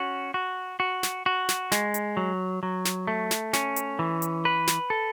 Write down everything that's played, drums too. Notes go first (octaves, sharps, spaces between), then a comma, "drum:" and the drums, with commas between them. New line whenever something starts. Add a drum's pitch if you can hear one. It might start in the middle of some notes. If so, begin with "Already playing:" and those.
Already playing: C#4 F#4
F#4
F#4
drum: snare
F#4
drum: snare
G#3, drum: snare
drum: hi-hat
F#3
F#3
drum: snare
A3
drum: snare
C#4, drum: snare
drum: hi-hat
E3
drum: hi-hat
B4
drum: snare
A4